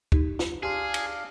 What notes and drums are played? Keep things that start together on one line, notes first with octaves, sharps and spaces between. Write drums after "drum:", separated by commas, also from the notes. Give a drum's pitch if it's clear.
D#4 G4, drum: kick
drum: snare
D4 G4 G#4 F5 C6
drum: cymbal